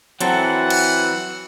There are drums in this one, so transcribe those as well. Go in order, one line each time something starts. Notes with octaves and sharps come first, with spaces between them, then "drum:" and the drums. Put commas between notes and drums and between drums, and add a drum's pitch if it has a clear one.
E3 F#3 C4 A4 F#5, drum: hi-hat
drum: cymbal